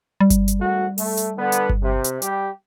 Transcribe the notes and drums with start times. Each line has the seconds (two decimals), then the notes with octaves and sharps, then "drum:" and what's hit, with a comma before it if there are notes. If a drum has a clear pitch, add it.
0.20 G3
0.30 drum: kick G1, hi-hat
0.48 drum: hi-hat
0.60 G#1 A3 F#4
0.98 A3, drum: open hi-hat
1.17 drum: hi-hat
1.37 D3 B3
1.52 drum: hi-hat
1.69 drum: kick G1
1.82 C3
2.04 drum: hi-hat
2.22 G3 G4, drum: hi-hat